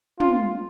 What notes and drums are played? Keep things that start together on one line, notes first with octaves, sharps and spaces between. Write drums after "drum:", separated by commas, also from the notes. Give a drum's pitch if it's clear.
F4, drum: tom